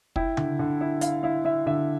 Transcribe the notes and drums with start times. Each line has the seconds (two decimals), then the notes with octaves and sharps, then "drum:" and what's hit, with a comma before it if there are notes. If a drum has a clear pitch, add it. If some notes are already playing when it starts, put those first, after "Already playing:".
0.16 E4 G5, drum: kick
0.37 D3, drum: tom C#3
0.59 D3
0.81 E4
1.01 E4 F5, drum: hi-hat
1.23 E4 F5
1.45 E4 E5
1.66 D3 E5